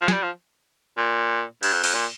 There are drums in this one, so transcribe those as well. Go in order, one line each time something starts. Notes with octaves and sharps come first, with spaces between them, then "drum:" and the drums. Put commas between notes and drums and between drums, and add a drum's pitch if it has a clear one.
F3
G#3, drum: snare
G3
F3
A#2
G2, drum: cymbal
F2
F2, drum: open hi-hat
A#2